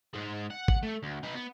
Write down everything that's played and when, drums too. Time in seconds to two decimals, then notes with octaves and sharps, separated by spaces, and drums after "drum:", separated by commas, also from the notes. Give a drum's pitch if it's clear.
0.14 G#2 G#3
0.50 F#5
0.68 drum: kick
0.83 A3
1.03 D2
1.23 D#4 B4
1.35 B3